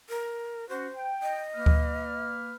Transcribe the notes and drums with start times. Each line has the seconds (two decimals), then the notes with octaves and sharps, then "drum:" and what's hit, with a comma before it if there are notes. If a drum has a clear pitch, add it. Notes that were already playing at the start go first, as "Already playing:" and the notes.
0.09 A#4
0.69 C#4 F#4 C5
0.95 G5
1.23 D#5
1.55 A#3 B4 F6
1.66 drum: kick D2